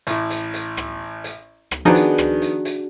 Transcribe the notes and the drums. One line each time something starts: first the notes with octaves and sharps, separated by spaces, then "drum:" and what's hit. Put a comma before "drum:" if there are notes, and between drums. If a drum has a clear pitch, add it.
A1 A2, drum: hi-hat
drum: hi-hat
drum: hi-hat
drum: rim click
drum: hi-hat
drum: rim click
D#3 F3 B3 D4 D#4 F#4 G#4
drum: hi-hat
drum: rim click
drum: hi-hat
drum: hi-hat